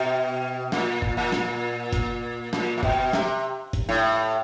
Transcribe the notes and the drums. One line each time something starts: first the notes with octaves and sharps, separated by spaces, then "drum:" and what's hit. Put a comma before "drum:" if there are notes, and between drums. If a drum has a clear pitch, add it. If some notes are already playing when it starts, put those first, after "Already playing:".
Already playing: B2
A#2, drum: snare
drum: kick
A#2
drum: snare
drum: kick, hi-hat
A#2, drum: snare
A#2
B2, drum: kick
C3, drum: snare
drum: kick, hi-hat
A2